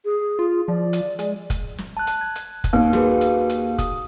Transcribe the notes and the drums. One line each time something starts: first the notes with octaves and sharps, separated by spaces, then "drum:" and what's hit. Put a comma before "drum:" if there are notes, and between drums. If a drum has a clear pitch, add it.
G#4
F4
F3 D5
drum: hi-hat
G#3, drum: hi-hat
drum: kick F1, hi-hat
drum: snare
A5 F#6
drum: hi-hat
G#6
drum: hi-hat
drum: kick F1, hi-hat
D#2
F#4 G#4 B4, drum: snare
drum: hi-hat
drum: hi-hat
D#6, drum: kick F1, hi-hat